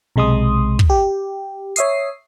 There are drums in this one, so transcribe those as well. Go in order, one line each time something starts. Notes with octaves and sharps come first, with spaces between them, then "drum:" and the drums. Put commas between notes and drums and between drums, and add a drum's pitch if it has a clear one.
B1 C3 G#3 C6 D#6
drum: kick
G4
C#5 E5 D#6 C7, drum: hi-hat